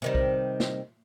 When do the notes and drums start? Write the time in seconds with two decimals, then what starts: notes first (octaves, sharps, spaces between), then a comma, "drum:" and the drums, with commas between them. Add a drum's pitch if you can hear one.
0.02 C3 D#3 G3
0.15 drum: kick B1
0.60 drum: snare